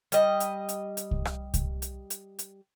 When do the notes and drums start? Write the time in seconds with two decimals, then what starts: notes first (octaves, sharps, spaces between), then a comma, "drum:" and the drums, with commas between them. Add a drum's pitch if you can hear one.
0.12 G3 D#5, drum: hi-hat
0.40 drum: hi-hat
0.69 drum: hi-hat
0.97 drum: hi-hat
1.11 drum: kick C2
1.25 drum: rim click
1.54 drum: kick C2, hi-hat
1.82 drum: hi-hat
2.10 drum: hi-hat
2.39 drum: hi-hat